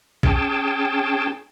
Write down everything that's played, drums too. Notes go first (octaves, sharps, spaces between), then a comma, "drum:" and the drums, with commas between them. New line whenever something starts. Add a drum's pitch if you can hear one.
C#4 G#4 G5 A5, drum: kick